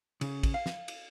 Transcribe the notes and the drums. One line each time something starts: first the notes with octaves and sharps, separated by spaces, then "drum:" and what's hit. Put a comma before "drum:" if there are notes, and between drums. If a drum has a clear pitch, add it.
C#3, drum: cymbal
drum: kick, cymbal
F5
drum: snare
drum: cymbal